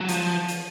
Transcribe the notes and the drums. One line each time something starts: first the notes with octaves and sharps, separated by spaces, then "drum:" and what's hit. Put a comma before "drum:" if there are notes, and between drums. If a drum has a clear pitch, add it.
F#3
F3, drum: hi-hat
drum: hi-hat